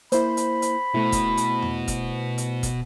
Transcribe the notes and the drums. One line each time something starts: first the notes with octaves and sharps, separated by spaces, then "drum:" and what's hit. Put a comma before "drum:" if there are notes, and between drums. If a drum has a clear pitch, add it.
A#3 E4 C5 B5, drum: hi-hat
drum: hi-hat
drum: hi-hat
B2 A3 E4
drum: kick, hi-hat
drum: hi-hat
drum: tom E2
drum: kick, hi-hat
drum: hi-hat
drum: kick, hi-hat